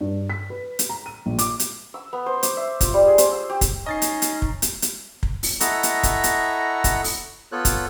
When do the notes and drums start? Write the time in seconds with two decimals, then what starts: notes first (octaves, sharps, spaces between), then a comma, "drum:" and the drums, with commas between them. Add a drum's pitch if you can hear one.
0.01 G2
0.30 B6
0.50 B4
0.79 drum: hi-hat
0.89 A#5
1.06 D#7
1.26 A#1
1.39 D6, drum: hi-hat
1.59 drum: hi-hat
1.94 E6
2.13 B3
2.26 C5
2.43 D6, drum: hi-hat
2.57 E5
2.81 F4, drum: kick, hi-hat
2.94 G3
3.07 G#4
3.18 C5, drum: hi-hat
3.32 E6
3.50 G4
3.61 drum: kick, hi-hat
3.86 C#4 D#4 D#5 A6 C7
4.02 drum: hi-hat
4.22 drum: hi-hat
4.42 drum: kick
4.62 drum: hi-hat
4.82 drum: hi-hat
5.23 drum: kick
5.43 drum: open hi-hat
5.60 E4 A4 D#5 F#5 A#5 C#6, drum: hi-hat
5.83 drum: hi-hat
6.03 drum: kick, hi-hat
6.24 drum: hi-hat
6.84 drum: kick, hi-hat
7.04 drum: open hi-hat
7.52 B3 F4 A4 C#5 F#6
7.65 drum: kick, hi-hat